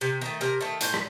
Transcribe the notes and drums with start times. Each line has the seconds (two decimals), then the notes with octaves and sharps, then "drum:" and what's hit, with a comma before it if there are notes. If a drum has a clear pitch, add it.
0.01 C3
0.21 D#3 A3
0.41 C3 A#4
0.61 D#3 A3
0.81 A2 C5, drum: hi-hat
0.94 drum: rim click